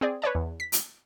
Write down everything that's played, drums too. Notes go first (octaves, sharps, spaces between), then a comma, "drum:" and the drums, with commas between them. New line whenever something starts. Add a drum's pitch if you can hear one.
C4 G#4 D5
B4 C#5 D5 A5
E2
B6
drum: hi-hat